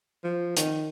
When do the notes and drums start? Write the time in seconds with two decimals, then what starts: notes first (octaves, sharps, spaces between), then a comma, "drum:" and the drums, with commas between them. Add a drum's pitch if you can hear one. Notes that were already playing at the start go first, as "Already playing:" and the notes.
0.24 F3
0.57 D#3, drum: hi-hat